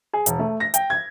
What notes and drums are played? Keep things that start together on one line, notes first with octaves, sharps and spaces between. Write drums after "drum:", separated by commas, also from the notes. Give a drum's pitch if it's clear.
G#4
E1, drum: hi-hat
A3
A#6
G5, drum: hi-hat
G#6